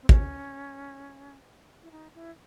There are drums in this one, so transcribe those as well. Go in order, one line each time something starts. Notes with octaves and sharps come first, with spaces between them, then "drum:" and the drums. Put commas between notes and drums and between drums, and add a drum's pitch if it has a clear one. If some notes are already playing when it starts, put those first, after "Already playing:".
C4
C#4, drum: kick
E4
D#4
E4